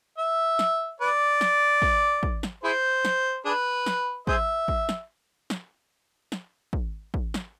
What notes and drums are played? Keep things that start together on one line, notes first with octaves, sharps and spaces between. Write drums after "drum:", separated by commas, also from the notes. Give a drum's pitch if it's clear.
E5
drum: snare
B4 D5
drum: snare
drum: kick
drum: kick
drum: snare
E4 G#4 C5
drum: snare
D4 G#4 B4
drum: snare
G#4 C5 E5, drum: kick
drum: kick
drum: snare
drum: snare
drum: snare
drum: kick
drum: kick
drum: snare